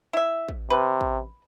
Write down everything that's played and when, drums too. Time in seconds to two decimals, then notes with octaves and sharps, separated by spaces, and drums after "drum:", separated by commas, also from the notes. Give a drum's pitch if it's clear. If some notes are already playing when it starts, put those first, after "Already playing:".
0.13 E4 E5
0.49 drum: kick A1
0.70 C3 B4
1.01 drum: kick A1